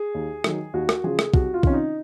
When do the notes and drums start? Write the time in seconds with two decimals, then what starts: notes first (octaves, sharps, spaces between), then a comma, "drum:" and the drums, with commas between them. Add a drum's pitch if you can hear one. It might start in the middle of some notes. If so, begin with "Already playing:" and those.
Already playing: G#4
0.15 D#2
0.44 D#3 F#3, drum: rim click
0.74 D#2 F#4
0.89 drum: rim click
1.04 C#3 F3 G#4
1.19 drum: rim click
1.34 C2 F#4, drum: kick
1.54 F4
1.63 C3 D#3 C#4, drum: kick
1.73 D#4